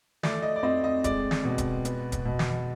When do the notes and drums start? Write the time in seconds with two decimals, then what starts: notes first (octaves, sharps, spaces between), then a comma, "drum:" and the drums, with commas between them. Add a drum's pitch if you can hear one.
0.23 A3 D5, drum: snare
0.42 D#5
0.56 D5
0.63 C4 D#5
0.84 D#5
1.04 G#3 D5, drum: kick D1, hi-hat
1.31 drum: snare
1.44 B2
1.58 drum: kick D1, hi-hat
1.85 B3, drum: hi-hat
2.12 drum: kick D1, hi-hat
2.25 B2
2.39 drum: snare